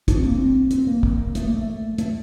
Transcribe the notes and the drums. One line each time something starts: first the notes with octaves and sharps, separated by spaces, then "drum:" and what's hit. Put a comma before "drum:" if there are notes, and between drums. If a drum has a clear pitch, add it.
D4, drum: kick, hi-hat
C4
A#3
C4
C4, drum: hi-hat
A#3
drum: kick
A3, drum: hi-hat
A#3
A3
A3, drum: hi-hat